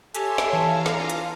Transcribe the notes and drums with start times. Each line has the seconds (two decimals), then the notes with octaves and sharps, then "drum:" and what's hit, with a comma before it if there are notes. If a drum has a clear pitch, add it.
0.15 G4 A4 C#5 E5 G#5 C6, drum: hi-hat
0.38 drum: snare
0.53 E3 F5 A5 A#5
0.86 drum: snare
0.99 D4 F4
1.10 drum: hi-hat